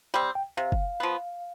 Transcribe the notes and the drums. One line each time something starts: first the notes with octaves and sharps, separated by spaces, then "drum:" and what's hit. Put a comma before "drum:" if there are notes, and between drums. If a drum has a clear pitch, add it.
G3 C4 G5
G5
C3 F5
drum: kick
F3 B3